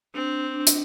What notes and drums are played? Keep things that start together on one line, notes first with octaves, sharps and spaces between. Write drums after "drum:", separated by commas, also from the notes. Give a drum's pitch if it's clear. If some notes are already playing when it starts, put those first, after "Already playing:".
C4 D4
D4
drum: hi-hat